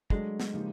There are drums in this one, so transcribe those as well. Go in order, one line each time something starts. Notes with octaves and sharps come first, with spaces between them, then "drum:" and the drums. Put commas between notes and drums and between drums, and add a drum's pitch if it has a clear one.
F#3 G#3 A3 D4, drum: kick
drum: snare
C#3 F3 A#3 D#4 G4